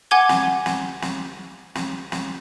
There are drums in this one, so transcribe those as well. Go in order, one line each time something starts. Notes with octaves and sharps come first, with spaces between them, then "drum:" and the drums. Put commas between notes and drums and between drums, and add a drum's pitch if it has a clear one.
F#5 G#5 D6 G#6 G7
drum: snare
drum: snare
drum: snare
drum: snare
drum: snare